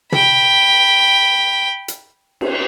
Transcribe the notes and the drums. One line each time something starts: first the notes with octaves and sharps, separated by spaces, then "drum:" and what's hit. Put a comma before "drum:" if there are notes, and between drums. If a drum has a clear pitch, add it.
G5 B5, drum: tom
drum: hi-hat
drum: cymbal